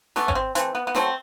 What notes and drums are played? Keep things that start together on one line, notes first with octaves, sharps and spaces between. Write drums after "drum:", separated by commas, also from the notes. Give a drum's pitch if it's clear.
E3 A3 B3, drum: snare
C#4, drum: kick G#1
C4
E3 A3 C4, drum: hi-hat
B3
B3
B2 F#3 A3 C4, drum: snare